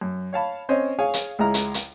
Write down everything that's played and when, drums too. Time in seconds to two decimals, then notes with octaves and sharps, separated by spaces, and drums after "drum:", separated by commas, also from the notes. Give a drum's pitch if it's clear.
0.01 F#2
0.33 C#5 F5 A5 B5
0.69 C4 C#4 C5 C#5 D#5
0.99 G#4 C#5 F5 G#5
1.14 drum: hi-hat
1.39 C#2 G#3 E4 A#5 F6
1.54 drum: hi-hat
1.74 drum: hi-hat